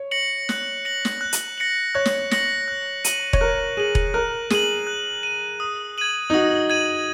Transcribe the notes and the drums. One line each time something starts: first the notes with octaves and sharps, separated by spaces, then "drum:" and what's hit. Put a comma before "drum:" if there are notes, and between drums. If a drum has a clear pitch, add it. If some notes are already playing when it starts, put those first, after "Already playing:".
Already playing: C#5
A#6 C#7 F#7
F#6, drum: snare
A#6 C#7 F#7
drum: snare
F#6
drum: hi-hat
A#6 C#7 F#7
C#5 F#6
drum: snare
A#6 C#7 F#7, drum: snare
F#6
D#7 F#7, drum: hi-hat
C#5, drum: kick E1
A#4 F#6
G#4 D#7 F#7
drum: kick E1
A#4 F#6
G#4 D#7 F#7, drum: snare
F#6
D#7 F#7
D#6
G#6 D#7 F#7
D#4
F#4 D#6
G#6 D#7 F#7